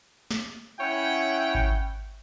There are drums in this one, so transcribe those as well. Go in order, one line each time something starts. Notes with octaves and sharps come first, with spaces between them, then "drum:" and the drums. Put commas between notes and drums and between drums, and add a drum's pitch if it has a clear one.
drum: snare
C#4 E4 C#5 F#5 G5
drum: kick G#1